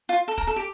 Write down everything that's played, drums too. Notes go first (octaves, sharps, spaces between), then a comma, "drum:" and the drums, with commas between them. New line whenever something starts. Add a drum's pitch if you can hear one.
F4
A4
A#4, drum: kick
A4
G4